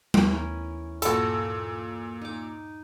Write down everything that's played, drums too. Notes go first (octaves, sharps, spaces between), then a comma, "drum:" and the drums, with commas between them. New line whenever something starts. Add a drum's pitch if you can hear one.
D#2 E3 A3 B3 C#4 A#4, drum: tom G3
G2 A#2 F#4 A4 E6, drum: hi-hat
D#4 D6